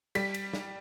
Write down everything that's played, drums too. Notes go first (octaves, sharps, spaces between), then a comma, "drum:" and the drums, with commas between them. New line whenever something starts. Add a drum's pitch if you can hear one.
G3 B6, drum: cymbal
drum: cymbal
drum: snare